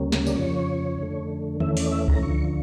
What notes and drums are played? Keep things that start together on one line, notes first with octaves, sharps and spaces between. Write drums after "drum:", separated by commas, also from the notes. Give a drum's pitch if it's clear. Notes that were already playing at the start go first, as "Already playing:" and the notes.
Already playing: D2 C#3 G3 A#3 C#4
drum: snare
D5, drum: tambourine
F2 C#3 F3 C#5
F2 D3 A3
E2 E3 A3 C#4 E5, drum: tom D3
D5, drum: open hi-hat
E5
A#5, drum: kick C#2
D2 D3 F3 C#6